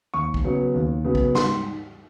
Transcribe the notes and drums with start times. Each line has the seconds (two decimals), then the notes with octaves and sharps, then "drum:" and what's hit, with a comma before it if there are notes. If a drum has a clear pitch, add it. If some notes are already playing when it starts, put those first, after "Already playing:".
0.14 D#2 C#6
0.34 drum: kick
0.44 C#3 F#3 B3
0.74 D#2
1.04 C#3 F#3 B3
1.15 drum: kick
1.35 G#2 C6, drum: snare